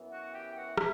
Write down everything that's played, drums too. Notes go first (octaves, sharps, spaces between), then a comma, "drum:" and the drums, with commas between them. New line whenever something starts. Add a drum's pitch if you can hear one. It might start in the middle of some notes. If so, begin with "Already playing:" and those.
Already playing: F#2 E3 B3
F#4 F#5
G4 G5
F#4 F#5
E4 E5, drum: rim click